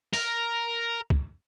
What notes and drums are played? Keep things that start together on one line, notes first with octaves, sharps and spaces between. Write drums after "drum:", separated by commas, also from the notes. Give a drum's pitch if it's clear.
A#4, drum: open hi-hat
drum: kick